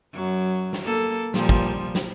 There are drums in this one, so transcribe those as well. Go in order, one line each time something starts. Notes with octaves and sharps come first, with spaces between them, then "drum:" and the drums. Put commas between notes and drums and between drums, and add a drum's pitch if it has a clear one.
F#2 F#3
drum: snare
A#3 A4
A#2 F3 G3, drum: snare
drum: kick
drum: snare